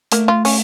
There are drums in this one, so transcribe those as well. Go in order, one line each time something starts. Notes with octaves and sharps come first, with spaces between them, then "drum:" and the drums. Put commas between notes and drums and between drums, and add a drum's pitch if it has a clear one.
A3 A#3, drum: hi-hat
F4
C#4, drum: open hi-hat